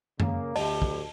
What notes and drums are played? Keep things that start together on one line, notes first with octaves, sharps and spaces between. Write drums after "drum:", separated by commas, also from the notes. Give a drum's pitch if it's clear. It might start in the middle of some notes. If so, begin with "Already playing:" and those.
C#3 A#3, drum: tom F#2
D2 G4 D#5 A5, drum: open hi-hat
drum: kick